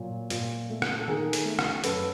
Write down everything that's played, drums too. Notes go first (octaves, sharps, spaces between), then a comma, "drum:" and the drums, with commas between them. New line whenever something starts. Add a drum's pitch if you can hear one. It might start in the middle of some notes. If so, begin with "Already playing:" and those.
Already playing: A#2 F#3
A#2, drum: hi-hat
A3
drum: rim click
A4
D#3 G#4 A#4
drum: hi-hat
A3
drum: rim click
F#2 A4 B4, drum: hi-hat